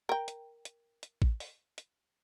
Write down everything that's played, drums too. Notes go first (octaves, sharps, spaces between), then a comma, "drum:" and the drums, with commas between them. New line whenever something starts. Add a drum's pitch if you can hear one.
A#4 G5
drum: hi-hat
drum: hi-hat
drum: hi-hat
drum: kick A1
drum: open hi-hat
drum: hi-hat